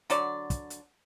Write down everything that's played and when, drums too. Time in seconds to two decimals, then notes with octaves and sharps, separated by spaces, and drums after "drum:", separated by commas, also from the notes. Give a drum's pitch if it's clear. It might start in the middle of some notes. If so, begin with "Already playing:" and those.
0.10 D3 F#3 D5, drum: hi-hat
0.50 drum: kick, hi-hat
0.70 drum: hi-hat